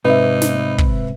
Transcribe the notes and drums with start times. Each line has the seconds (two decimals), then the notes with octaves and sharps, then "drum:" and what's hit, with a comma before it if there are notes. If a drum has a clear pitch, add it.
0.05 G#2 C3 C4 D#4 B4 E5
0.42 drum: snare
0.78 drum: kick